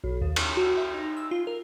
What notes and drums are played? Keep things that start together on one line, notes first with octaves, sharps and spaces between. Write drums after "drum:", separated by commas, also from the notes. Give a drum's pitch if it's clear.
B1
D#2
C#6, drum: cymbal
F#4
E5
D#4
E6
F4
A#4